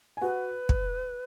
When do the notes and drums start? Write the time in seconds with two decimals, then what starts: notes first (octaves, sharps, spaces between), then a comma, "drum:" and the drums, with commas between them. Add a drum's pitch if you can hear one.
0.17 G#5
0.22 F#4 B4 F#5
0.69 drum: kick